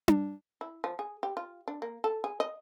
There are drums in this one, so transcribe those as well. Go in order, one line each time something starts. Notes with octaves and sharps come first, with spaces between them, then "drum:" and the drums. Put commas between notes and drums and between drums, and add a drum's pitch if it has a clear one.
drum: tom D4
E4
F3
G#4
G4
F4
D4
A#3
A4
G#4
D#5